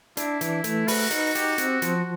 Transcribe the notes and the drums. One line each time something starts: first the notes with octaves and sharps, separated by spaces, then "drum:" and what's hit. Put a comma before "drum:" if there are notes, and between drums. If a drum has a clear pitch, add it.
D4 E4, drum: hi-hat
E3, drum: hi-hat
A3, drum: hi-hat
F#4 B4, drum: open hi-hat
D#4, drum: hi-hat
G4, drum: hi-hat
C4, drum: hi-hat
F3, drum: hi-hat